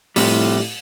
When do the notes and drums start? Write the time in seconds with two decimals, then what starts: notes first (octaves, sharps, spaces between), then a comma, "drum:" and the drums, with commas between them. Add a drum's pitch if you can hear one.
0.16 F2 A2 C3 G3, drum: open hi-hat